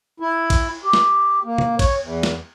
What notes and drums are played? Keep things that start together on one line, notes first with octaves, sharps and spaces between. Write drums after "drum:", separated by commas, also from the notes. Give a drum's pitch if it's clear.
E4
drum: kick A#1, cymbal
G4
drum: snare
A#3
drum: tom B2
C#5, drum: kick A#1, cymbal
E2
drum: snare